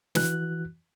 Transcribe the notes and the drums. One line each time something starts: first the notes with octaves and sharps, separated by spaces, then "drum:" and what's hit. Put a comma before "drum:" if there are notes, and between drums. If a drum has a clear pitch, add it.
E3 F#4 F#6, drum: snare